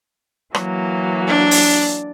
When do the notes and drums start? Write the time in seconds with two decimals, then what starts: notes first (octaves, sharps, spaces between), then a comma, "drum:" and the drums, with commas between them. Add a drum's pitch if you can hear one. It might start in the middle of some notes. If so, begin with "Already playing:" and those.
0.54 E3 F#3 A#3, drum: rim click
1.27 D4
1.51 drum: open hi-hat